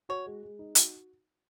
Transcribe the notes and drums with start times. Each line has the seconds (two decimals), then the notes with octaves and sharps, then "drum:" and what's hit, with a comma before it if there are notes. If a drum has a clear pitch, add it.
0.09 F#4 C#5
0.26 G#3
0.43 G#3
0.59 D#4
0.75 F#4, drum: hi-hat